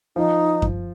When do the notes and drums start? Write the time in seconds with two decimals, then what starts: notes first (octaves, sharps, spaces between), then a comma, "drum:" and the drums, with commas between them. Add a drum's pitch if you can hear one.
0.16 F3 D#4
0.62 drum: kick F#2